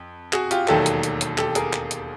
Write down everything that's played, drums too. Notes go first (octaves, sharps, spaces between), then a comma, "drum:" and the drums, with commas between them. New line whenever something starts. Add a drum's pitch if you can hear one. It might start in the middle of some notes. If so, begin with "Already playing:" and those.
Already playing: F2
F#4 G#4, drum: clap
F4 G4, drum: hi-hat
E1 D#2 D#3 F#3 A3 G4 A4, drum: clap
drum: hi-hat
drum: hi-hat
drum: hi-hat
G4 A4, drum: clap
G#4 A#4, drum: hi-hat
drum: clap
drum: hi-hat